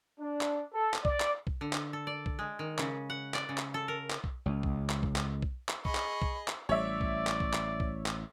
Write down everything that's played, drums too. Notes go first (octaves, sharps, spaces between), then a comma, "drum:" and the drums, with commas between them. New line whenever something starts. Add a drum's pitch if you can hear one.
D4
drum: clap
A4
drum: clap
D5, drum: kick B1
drum: clap
drum: kick B1
D3
drum: clap
A4
D5
drum: kick B1
G#3
D#3
C#3, drum: clap
F#5
D5, drum: clap
C#3
drum: clap
A4
A#4
drum: clap
drum: kick B1
C#2
drum: kick B1
drum: clap
drum: kick B1
drum: clap
drum: kick B1
drum: clap
G#4 D#5 B5 C#6, drum: kick B1
drum: clap
drum: kick B1
drum: clap
A1 G3 C#5 D5 E5
drum: kick B1
drum: clap
drum: kick B1
drum: clap
drum: kick B1
drum: clap